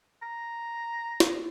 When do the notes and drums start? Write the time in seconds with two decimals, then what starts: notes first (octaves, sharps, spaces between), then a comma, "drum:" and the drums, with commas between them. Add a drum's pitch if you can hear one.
0.23 A#5
1.20 drum: snare